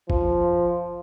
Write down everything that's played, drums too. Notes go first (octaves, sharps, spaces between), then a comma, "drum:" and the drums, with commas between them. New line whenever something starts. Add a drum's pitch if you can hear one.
F3, drum: kick